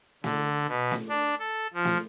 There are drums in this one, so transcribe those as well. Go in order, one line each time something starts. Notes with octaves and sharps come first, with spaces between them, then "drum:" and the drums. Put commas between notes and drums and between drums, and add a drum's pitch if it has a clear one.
D3, drum: snare
B2
drum: snare
D4
A4
F3
drum: snare